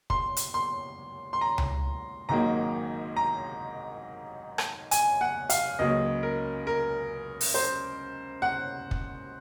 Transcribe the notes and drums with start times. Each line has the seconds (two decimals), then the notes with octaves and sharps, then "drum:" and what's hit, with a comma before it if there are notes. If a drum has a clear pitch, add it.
0.10 C6, drum: kick
0.37 drum: hi-hat
0.54 C6
1.33 C6
1.41 A#5
1.58 drum: tom C#2
2.29 G#1 G#2 D#3 F#3 A#3 A#5
3.16 A#5
4.58 drum: rim click
4.91 G#5, drum: hi-hat
5.21 F#5
5.50 F5, drum: hi-hat
5.79 C#2 C#3 F#3 A#3 D#5
6.23 A#4
6.67 A#4
7.41 drum: open hi-hat
7.54 C5
8.42 F#5
8.91 drum: kick